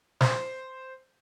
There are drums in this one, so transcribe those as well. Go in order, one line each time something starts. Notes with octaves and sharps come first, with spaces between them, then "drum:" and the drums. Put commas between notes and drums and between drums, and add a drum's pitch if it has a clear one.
C5, drum: snare